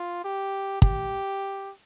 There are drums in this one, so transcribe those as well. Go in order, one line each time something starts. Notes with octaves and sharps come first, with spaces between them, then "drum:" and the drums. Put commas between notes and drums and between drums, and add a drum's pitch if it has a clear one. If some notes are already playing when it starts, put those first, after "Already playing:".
Already playing: F4
G4
G4, drum: kick